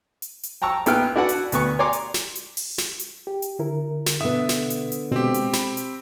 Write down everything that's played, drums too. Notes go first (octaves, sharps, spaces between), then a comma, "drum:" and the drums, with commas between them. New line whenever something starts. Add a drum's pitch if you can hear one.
drum: hi-hat
drum: hi-hat
G5 A5 A#5 C#6 E6
A#1 B3 E4 G5 F6, drum: hi-hat
D4 E4 F#4 B4 F#5 A5
drum: hi-hat
D2 B3 C#6, drum: hi-hat
C#5 D5 G#5 A#5 C6 D6
drum: hi-hat
drum: snare
drum: hi-hat
drum: open hi-hat
drum: snare
drum: hi-hat
G4
drum: hi-hat
D3 E4 A#4
drum: snare
B2 D3 B3 E5 D#6
drum: snare
drum: hi-hat
drum: hi-hat
B2 G#3 C4 G4
drum: hi-hat
B5, drum: snare
drum: hi-hat